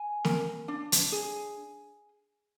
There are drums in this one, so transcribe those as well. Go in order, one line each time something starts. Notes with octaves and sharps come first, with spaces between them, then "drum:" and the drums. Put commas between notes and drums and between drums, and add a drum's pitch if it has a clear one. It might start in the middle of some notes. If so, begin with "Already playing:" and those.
Already playing: G#5
A#4, drum: snare
D4
drum: hi-hat
G#4